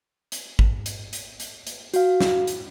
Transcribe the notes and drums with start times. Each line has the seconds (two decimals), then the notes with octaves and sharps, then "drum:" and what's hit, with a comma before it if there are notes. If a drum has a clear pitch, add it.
0.32 drum: hi-hat
0.59 drum: kick
0.86 drum: hi-hat
1.13 drum: hi-hat
1.40 drum: hi-hat
1.67 drum: hi-hat
1.94 F#4 F5, drum: hi-hat
2.20 drum: snare
2.47 drum: hi-hat